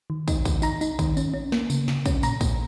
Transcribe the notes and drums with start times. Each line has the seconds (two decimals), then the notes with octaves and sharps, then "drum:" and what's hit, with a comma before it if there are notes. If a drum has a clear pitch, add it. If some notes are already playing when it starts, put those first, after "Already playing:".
0.10 D#3
0.28 D#4, drum: kick, tambourine
0.45 D#3, drum: kick, tambourine
0.62 D#4 A#5, drum: tambourine
0.81 D#4, drum: tambourine
0.99 D#3, drum: kick, tambourine
1.17 C#4, drum: tambourine
1.34 C#4
1.52 A#3, drum: snare
1.70 C#3, drum: tambourine
1.88 C#3, drum: snare
2.06 C#4, drum: kick, tambourine
2.23 A#2 A#5, drum: tambourine
2.41 A#2, drum: kick, tambourine